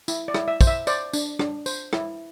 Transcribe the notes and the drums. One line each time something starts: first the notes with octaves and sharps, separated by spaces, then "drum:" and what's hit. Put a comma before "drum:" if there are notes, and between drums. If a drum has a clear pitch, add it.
E4, drum: tambourine
D5
E4, drum: rim click
E5
C5, drum: kick, tambourine
E5
C5 D5, drum: tambourine
D4, drum: tambourine
D4, drum: rim click
C5, drum: tambourine
E4, drum: rim click